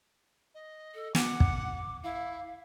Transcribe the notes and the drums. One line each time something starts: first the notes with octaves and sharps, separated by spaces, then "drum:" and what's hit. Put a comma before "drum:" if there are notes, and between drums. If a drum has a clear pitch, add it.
D#5
A4
F#5 D6, drum: snare
drum: kick
E4 F5